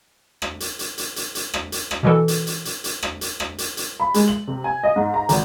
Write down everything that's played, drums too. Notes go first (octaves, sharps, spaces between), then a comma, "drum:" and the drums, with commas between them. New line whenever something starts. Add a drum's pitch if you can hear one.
drum: rim click
drum: hi-hat
drum: hi-hat
drum: hi-hat
drum: hi-hat
drum: hi-hat
drum: rim click
drum: hi-hat
drum: rim click
B2 E3 A4
drum: hi-hat
drum: hi-hat
drum: hi-hat
drum: hi-hat
drum: rim click
drum: hi-hat
drum: rim click
drum: hi-hat
drum: hi-hat
B5
G#3, drum: hi-hat
F#7
C3
G#5
D#5
G#2
A#5
G#1, drum: hi-hat